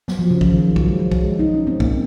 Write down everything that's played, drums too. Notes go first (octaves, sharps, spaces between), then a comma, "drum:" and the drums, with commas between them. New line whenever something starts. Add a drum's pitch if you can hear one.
F#3, drum: snare
F3
C#3
F3, drum: kick B1
D#3
F3
F#3
G#3, drum: kick B1
F#3
F#3
G#3, drum: kick B1
D#4
C#4
C4
A#2 A#3, drum: kick B1